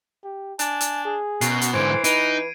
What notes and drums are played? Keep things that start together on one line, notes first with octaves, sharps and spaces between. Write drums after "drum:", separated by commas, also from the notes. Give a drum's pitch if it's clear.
G4
D4 G#5, drum: hi-hat
drum: hi-hat
G#4
F#2 B2 C7, drum: hi-hat
drum: hi-hat
G#2 D3 E3 C5 G#6 D7
D#4 B4 D7 D#7, drum: hi-hat